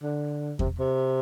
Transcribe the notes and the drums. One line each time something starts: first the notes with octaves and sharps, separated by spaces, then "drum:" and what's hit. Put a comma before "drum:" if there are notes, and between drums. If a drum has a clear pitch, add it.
D3
C3, drum: kick E2
C3